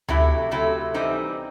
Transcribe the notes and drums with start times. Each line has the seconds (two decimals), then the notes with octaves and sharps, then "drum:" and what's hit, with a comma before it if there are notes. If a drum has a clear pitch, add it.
0.08 C3 F#3 A3 E4, drum: tom D2
0.51 C3 F#3 A3 E4
0.94 E3 G3 C4 D#4